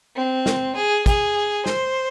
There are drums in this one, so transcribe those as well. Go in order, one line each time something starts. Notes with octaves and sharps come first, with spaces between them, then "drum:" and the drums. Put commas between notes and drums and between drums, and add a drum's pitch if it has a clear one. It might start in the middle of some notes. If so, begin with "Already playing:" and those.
C4
drum: snare
G#4
G#4, drum: kick, hi-hat
C5, drum: snare